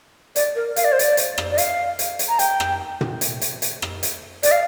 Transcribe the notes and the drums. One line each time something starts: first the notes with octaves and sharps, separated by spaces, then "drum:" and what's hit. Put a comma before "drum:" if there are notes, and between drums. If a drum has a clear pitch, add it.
D5, drum: hi-hat
A#4
F5, drum: hi-hat
D5
C5
D5, drum: hi-hat
drum: hi-hat
drum: rim click
D5
F5, drum: hi-hat
drum: hi-hat
drum: hi-hat
A#5
G5, drum: hi-hat
drum: rim click
drum: tom
drum: hi-hat
drum: hi-hat
drum: hi-hat
drum: rim click
drum: hi-hat
D5, drum: hi-hat
F5